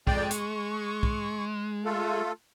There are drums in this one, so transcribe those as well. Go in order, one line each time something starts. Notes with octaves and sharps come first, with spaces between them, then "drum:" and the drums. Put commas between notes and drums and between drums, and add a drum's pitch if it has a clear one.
F2 G#3 D5 G5, drum: kick B1
C#6, drum: hi-hat
drum: kick B1
A3 F4 A4